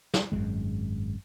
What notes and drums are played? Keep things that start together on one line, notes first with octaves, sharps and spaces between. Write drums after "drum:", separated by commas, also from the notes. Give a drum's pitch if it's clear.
drum: snare
G#1 F#2 D#3 G#3